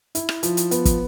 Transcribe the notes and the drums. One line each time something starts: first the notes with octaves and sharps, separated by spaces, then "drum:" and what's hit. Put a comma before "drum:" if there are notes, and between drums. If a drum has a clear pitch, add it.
E4, drum: hi-hat
drum: rim click
F3, drum: hi-hat
drum: hi-hat
B3, drum: hi-hat
drum: kick, hi-hat